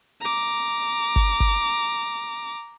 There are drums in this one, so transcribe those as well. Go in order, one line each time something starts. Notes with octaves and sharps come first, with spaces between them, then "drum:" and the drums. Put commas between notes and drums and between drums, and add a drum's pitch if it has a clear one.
A#5 D6
drum: kick G1
drum: kick G1